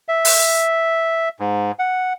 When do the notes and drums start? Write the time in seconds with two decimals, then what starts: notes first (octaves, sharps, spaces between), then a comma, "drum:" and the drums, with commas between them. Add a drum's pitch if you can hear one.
0.08 E5
0.25 drum: open hi-hat
1.40 G#2
1.79 F#5